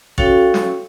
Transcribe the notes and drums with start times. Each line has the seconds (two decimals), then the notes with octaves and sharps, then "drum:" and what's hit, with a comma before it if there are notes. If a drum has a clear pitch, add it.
0.18 C#4 F#4 A4 C#5 F5 G5, drum: kick A1
0.54 drum: snare